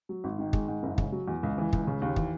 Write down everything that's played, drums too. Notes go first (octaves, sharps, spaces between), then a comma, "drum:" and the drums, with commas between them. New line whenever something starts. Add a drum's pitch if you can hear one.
F#3
G#1
D#3
G#3, drum: kick
G#2
F#1
C#3, drum: kick
F#3
E2
C#2
E3
C#2, drum: kick
C#3
D#2
E3, drum: kick